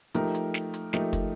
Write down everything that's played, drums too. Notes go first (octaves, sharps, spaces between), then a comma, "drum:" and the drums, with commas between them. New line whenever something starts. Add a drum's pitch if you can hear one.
F3 A3 D#4 G4 A#4, drum: hi-hat
drum: hi-hat
drum: snare
drum: hi-hat
F3 A3 D#4 G4 A#4, drum: snare
drum: kick, hi-hat